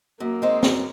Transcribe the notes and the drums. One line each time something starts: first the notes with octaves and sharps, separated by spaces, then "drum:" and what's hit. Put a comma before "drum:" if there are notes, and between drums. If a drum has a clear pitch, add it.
F#2 A#3
D#3 G#3 C4
F#2, drum: snare